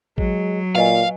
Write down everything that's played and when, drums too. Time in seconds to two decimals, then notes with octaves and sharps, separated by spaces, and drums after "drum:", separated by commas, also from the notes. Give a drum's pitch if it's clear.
0.18 F#3 G#3, drum: kick
0.75 A#2 B4 D#5 F5 G#5